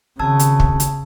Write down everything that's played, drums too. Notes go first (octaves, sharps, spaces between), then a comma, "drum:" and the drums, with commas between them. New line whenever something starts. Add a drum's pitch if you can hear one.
G#1 C#3 A5 E6 G#6
drum: hi-hat
drum: kick
drum: hi-hat